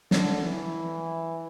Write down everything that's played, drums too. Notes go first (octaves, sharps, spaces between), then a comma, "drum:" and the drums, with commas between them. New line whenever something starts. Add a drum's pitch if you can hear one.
D3, drum: snare
E3